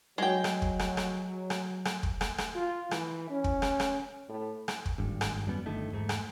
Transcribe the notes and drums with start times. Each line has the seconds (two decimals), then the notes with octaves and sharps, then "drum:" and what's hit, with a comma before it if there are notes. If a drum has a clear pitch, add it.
0.18 F#3 G#3 G5
0.44 drum: rim click
0.62 drum: kick
0.79 drum: rim click
0.97 drum: rim click
1.50 drum: rim click
1.85 drum: rim click
2.03 drum: kick
2.21 drum: rim click
2.38 drum: rim click
2.55 F4
2.91 E3, drum: rim click
3.30 C#4
3.44 drum: kick
3.62 drum: rim click
3.80 drum: rim click
4.29 A2
4.68 drum: rim click
4.86 drum: kick
4.98 G#1 G2
5.21 drum: rim click
5.46 G#1 F#2 G3 B3
5.66 G1 D3 D#3 A3
5.92 E2 G#2 A3
6.09 drum: rim click